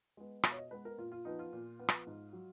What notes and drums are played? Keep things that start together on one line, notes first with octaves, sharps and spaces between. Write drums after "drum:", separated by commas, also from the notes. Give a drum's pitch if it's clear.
G#3 B3
B2 F5, drum: rim click
C#5
D#5
G#3 B3 B4
A#4
A#2 F4
F4
F3 B3 D#4
F4
A#2
F3 B3
drum: rim click
G#2
F#3